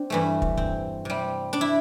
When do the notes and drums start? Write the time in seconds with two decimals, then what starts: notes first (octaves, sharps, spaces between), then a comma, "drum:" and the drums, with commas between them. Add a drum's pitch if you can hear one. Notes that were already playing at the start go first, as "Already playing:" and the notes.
Already playing: C4 D4
0.10 G2 E3 A3
0.42 drum: kick
0.57 C4, drum: kick
1.05 C3 G3
1.53 D4
1.61 E4